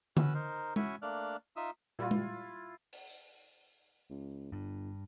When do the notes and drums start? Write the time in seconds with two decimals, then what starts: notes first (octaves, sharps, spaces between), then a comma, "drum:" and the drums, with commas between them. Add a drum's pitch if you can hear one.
0.17 C#4 F#4 B4 E6, drum: tom D3
0.34 D#4 A#4 C5
0.76 C#4 E4 F#4 E5 G#5 C#6, drum: tom G#3
1.02 A3 A#3 D4 D5 F6 F#6
1.56 D#4 F4 E5 D#6 E6
1.99 A#2 G3 E4 F4
2.11 drum: tom G#3
2.93 drum: open hi-hat
3.09 drum: tambourine
4.10 C#2
4.52 G1 G2